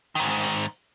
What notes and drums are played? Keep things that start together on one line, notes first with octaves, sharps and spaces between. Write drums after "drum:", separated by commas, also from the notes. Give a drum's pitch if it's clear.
G#2 D#3
drum: open hi-hat